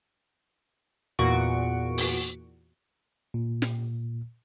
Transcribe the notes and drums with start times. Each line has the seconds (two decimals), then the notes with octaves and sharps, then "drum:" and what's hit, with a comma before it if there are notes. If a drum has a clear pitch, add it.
1.19 E2 A#2 F#4 C#6 D7
1.98 drum: open hi-hat
3.34 A#2
3.62 drum: snare